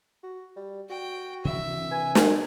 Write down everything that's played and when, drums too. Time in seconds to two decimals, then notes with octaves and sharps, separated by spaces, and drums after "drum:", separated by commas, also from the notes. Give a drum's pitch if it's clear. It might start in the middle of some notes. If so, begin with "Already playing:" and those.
0.23 F#4
0.56 G3
0.90 F#4 G5
1.45 C3 E3 D4 E5
1.91 B4 G#5
2.15 drum: snare